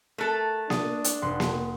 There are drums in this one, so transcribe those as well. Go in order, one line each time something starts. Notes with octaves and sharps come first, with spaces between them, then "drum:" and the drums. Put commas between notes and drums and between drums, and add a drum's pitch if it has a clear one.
A3 A4 A#4 F#6
D4 D#6 A6, drum: snare A#3
drum: hi-hat
F1 F#5 C6
drum: snare A#3